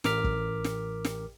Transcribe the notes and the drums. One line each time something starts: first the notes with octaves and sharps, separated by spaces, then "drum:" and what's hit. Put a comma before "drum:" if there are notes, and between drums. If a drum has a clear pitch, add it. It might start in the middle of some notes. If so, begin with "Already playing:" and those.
A1 A#4 D6 F6 B6, drum: snare
drum: kick
drum: snare
drum: snare